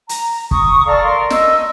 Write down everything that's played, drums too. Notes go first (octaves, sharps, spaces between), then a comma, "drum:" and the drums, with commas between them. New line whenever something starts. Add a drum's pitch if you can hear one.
A#5, drum: hi-hat
C#6 D#6, drum: kick
A4 D5 F5 A#5
A#4 C6
D#5 C#6 E6, drum: snare